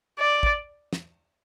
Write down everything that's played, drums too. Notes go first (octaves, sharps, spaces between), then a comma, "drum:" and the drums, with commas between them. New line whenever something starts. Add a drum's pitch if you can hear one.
D5
drum: kick
drum: snare